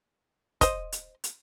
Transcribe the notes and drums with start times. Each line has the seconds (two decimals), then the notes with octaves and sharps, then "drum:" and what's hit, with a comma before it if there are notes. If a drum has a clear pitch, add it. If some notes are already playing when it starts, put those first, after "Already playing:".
0.61 C5 D#5, drum: kick, hi-hat
0.92 drum: hi-hat
1.24 drum: hi-hat